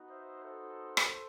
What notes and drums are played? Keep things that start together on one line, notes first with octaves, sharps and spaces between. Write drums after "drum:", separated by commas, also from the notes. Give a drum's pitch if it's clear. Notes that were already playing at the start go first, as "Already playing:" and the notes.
Already playing: B3 D#4 F#4
C5 E5
A4 C5
drum: rim click